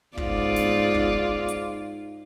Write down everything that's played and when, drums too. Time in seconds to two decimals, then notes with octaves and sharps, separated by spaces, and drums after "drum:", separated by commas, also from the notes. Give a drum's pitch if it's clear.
0.17 G#2 F4 D5, drum: kick
0.56 drum: snare
0.94 drum: kick
1.48 drum: hi-hat